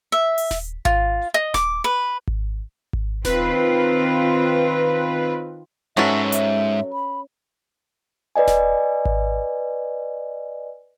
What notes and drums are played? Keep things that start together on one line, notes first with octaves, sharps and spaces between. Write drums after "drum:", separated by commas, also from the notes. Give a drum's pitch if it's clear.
E5
drum: open hi-hat
drum: snare D#1
F4, drum: kick G#1
D#5
D6, drum: snare D#1
B4
drum: kick G#1
drum: kick G#1
D#3 C4 F4 B4, drum: snare D#1
G#2 F#3 C#4 F#4 A4 B4 E5
E5, drum: hi-hat
B5
B4 D5 D#5 G#5
drum: snare D#1
drum: kick G#1